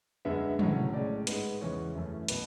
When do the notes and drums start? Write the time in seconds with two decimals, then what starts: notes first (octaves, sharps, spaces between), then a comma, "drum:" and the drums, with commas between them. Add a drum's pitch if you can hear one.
0.25 F#2 D3 G#3 B3 E5
0.59 A2 F#3 C#4, drum: tom
0.93 A2 G#3 C#4 D5
1.27 G#2 G#3 B3, drum: hi-hat
1.61 E2 C#3 E3 G#3 C#5
1.95 F#2 E3 A3 C#4
2.28 B2 B4, drum: hi-hat